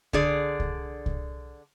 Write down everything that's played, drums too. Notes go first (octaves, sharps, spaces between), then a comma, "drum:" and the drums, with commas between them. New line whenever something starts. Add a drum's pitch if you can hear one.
D3 G#4 D5, drum: kick C2
drum: kick C2
drum: kick C2